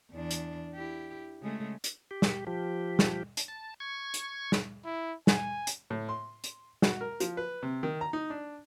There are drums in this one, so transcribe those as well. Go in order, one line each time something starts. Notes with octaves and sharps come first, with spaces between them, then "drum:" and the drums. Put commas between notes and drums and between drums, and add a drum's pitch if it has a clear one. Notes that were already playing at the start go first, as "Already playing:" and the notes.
E2 D4
drum: hi-hat
E4 G4
C#3 G#3 A3
drum: hi-hat
G4
drum: snare
F3 G4
drum: snare
drum: hi-hat
A5
C#6 G#6
drum: hi-hat
drum: snare
E4
G#5, drum: snare
drum: hi-hat
A2
C6
drum: hi-hat
F#4, drum: snare
A#4
F3, drum: hi-hat
B4
C3
D#3
A#5
D#4
D4